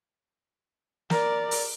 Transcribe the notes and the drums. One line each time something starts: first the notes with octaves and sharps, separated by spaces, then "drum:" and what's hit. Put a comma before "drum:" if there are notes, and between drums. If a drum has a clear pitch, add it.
A#4 D5, drum: snare
drum: open hi-hat